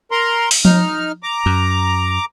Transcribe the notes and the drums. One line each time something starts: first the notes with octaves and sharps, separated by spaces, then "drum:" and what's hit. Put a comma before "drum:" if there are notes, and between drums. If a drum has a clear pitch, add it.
A#4 A#5 C6
drum: open hi-hat
D#4 F6, drum: tom F3
A#5 D6
F#2